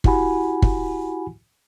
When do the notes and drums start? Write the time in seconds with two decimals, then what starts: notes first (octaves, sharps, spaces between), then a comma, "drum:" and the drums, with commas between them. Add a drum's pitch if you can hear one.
0.04 E4 F#4 G4 F#5 G#5 B5, drum: kick
0.62 drum: kick